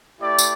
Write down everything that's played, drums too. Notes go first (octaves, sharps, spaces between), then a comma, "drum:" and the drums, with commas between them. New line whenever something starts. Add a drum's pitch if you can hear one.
A3 E4 G4 D5
drum: tambourine